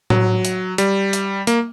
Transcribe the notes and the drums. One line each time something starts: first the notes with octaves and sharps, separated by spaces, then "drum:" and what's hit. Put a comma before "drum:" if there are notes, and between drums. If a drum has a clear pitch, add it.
F#3, drum: tom A2
drum: hi-hat
G3, drum: hi-hat
drum: hi-hat
A#3, drum: hi-hat